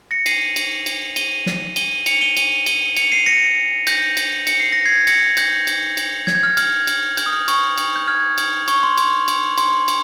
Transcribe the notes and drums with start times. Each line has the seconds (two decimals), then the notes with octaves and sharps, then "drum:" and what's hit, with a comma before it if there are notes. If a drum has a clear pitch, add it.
0.11 A#6 C#7
0.26 C7 D#7, drum: cymbal
0.56 drum: cymbal
0.86 drum: cymbal
1.16 D#7 G7, drum: cymbal
1.46 drum: snare
1.76 D#7 G7, drum: cymbal
2.06 C#7 F7, drum: cymbal
2.21 D#7 G7
2.37 D#7 G7, drum: cymbal
2.66 D#7 G7, drum: cymbal
2.97 C#7 F7, drum: cymbal
3.12 C7 D#7
3.26 A#6 C#7
3.87 G6 A#6, drum: cymbal
4.17 drum: cymbal
4.47 C#7, drum: cymbal
4.60 C7
4.72 A#6
4.86 G#6 C7
5.07 A#6 C#7, drum: cymbal
5.37 G6 A#6, drum: cymbal
5.67 drum: cymbal
5.97 drum: cymbal
6.27 G#6, drum: snare
6.35 G6
6.43 F6 G#6
6.57 F6 G#6, drum: cymbal
6.87 drum: cymbal
7.17 G6, drum: cymbal
7.26 D#6
7.32 F6
7.48 C#6, drum: cymbal
7.78 drum: cymbal
7.96 G6
8.08 F6 G#6
8.38 drum: cymbal
8.68 C#6, drum: cymbal
8.83 C6
8.98 C6, drum: cymbal
9.28 drum: cymbal
9.58 C6, drum: cymbal
9.88 drum: cymbal